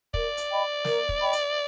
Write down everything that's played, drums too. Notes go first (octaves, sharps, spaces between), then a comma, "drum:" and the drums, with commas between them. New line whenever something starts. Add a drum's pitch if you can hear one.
A#4 D5, drum: kick
drum: hi-hat
D#5 G5 B5
A#4, drum: snare
drum: kick
D#5 G5 B5
drum: hi-hat